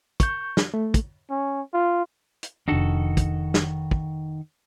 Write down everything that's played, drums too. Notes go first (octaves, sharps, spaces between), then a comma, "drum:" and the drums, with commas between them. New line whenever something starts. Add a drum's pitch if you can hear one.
C#6 G6, drum: kick, hi-hat
drum: snare
A3
drum: kick, hi-hat
C#4
F4
drum: hi-hat
F1 D#3 D4 F#4 A4
drum: kick, hi-hat
drum: snare
drum: kick